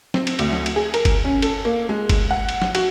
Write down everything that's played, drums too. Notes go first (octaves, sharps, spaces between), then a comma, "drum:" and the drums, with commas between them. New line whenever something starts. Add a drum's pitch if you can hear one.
C4, drum: snare
drum: cymbal
D2, drum: cymbal
drum: snare
drum: cymbal
G#4
A#4, drum: cymbal
drum: kick F#1, cymbal
C#4
A4, drum: cymbal
A#3
G#3
drum: kick F#1, cymbal
F#5
drum: cymbal
drum: snare
F#4, drum: cymbal